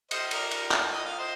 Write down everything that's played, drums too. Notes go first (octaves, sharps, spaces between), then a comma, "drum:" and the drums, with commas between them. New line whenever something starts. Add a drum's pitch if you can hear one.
C5 D#5, drum: cymbal
A#4 D5, drum: cymbal
drum: cymbal
drum: clap
D#5
F5
C5 D#5